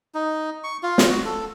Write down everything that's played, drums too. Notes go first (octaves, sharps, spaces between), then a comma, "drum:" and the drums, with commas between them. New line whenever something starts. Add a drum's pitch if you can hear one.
D#4
C#6
F4
drum: snare
F#4
A4